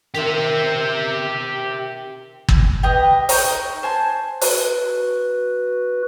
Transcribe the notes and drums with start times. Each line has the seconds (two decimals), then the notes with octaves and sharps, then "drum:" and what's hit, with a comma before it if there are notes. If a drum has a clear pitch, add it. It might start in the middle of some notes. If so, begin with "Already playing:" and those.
0.15 D#3 A#3 F4 G4 E5
2.48 drum: kick
2.83 G4 B4 D#5
3.29 D#4 C#5 G5, drum: open hi-hat
3.83 C5 G#5 A5
4.41 F#4 B4, drum: open hi-hat